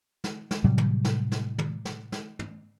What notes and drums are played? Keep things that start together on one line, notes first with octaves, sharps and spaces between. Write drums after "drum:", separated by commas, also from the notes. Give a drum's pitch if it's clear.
drum: snare
drum: snare
A2 C3 F#3 G3
drum: tom
drum: snare
drum: snare
drum: tom
drum: snare
drum: snare
drum: tom